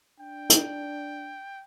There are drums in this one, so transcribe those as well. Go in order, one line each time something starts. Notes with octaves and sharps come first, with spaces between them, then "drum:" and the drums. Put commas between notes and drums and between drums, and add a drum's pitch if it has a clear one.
D4 G5
drum: hi-hat